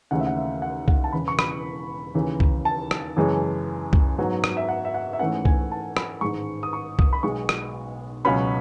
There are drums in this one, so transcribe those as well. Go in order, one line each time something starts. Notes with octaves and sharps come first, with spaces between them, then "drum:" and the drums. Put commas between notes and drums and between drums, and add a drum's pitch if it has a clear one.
D#2 C#3 E3 A3 C#4 F#5
E5
F#5
E5
F#5
F#5, drum: kick C2
A5
E1 E2 C#3 E3 B5
C#6
B5, drum: rim click
D#2 C#3 E3
drum: kick C2
A5
drum: rim click
F#2 C#3 E3 G#3
drum: kick C2
G#2 F#3 B3
drum: rim click
E5
F#5
E5
F#5
E5
G#2 E3 A3 C#4 F#5
G#5, drum: kick C2
A5
B5, drum: rim click
A1 G#2 D#3 G#3 C#6
D#6
C#6
D#6, drum: kick C2
B5
B1 B2 G#3 C#6
drum: rim click
C#2 B2 F#3 C#4 B5